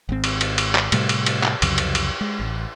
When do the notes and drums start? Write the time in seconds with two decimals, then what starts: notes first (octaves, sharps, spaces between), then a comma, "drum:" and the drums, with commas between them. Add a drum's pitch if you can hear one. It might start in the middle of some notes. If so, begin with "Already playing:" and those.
0.09 G#1 G#2 C4
0.24 drum: cymbal
0.41 drum: cymbal
0.58 drum: cymbal
0.75 drum: clap
0.92 A2 C3 G3 A3, drum: cymbal
1.09 drum: cymbal
1.26 drum: cymbal
1.44 drum: clap
1.62 C2 F2 C#3 F#3, drum: cymbal
1.78 drum: cymbal
1.95 drum: cymbal
2.21 G#3
2.40 A1